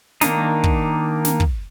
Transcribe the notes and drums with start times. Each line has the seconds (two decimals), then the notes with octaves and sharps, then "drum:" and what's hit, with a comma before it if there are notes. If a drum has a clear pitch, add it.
0.21 D#3 A#3 D4 D#4, drum: snare
0.64 drum: kick
1.25 drum: snare
1.40 drum: kick